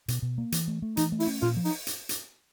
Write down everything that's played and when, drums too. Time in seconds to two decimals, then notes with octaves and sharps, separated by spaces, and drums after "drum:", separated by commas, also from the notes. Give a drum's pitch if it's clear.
0.08 B2, drum: hi-hat
0.22 B2
0.38 A#3
0.52 E3, drum: hi-hat
0.68 A3
0.82 A3
0.97 E3 D#4, drum: hi-hat
1.12 A3
1.20 E4, drum: open hi-hat
1.27 C#4
1.42 A#2 F4, drum: snare
1.57 F3
1.65 D#4, drum: open hi-hat
1.87 drum: hi-hat
2.09 drum: hi-hat